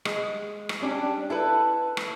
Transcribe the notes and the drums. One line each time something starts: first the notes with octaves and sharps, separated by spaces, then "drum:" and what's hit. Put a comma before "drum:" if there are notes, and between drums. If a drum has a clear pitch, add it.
G#3, drum: rim click
drum: rim click
G3 C#4 D4 G4
E4 A4 B4
drum: rim click